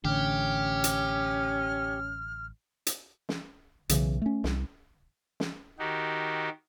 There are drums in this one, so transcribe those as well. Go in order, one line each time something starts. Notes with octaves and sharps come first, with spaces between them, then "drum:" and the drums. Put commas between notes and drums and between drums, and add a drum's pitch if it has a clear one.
A1 D3 C#4 G4 F6
drum: hi-hat
drum: hi-hat
drum: snare
B1 C#3 E3, drum: hi-hat
A3 C#4
C2, drum: snare
drum: snare
D#3 D#4 F#4 G4